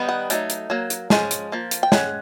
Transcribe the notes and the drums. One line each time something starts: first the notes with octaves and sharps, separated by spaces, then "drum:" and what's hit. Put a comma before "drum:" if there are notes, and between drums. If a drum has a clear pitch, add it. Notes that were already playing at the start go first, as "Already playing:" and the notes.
Already playing: D#3 G3 B3 D#4
F#5
F#3 A3 D#4, drum: hi-hat
drum: hi-hat
F#3 A#3
drum: hi-hat
F3 G#3 C#4, drum: snare
drum: hi-hat
F3 A#3
drum: hi-hat
G5
G#3 C#4 F#5, drum: snare